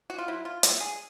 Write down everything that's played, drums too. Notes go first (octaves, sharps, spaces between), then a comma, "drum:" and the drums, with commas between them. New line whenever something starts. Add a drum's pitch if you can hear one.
F#4
F4
F#3 E4
F4
B3 D4 A4, drum: hi-hat
G#4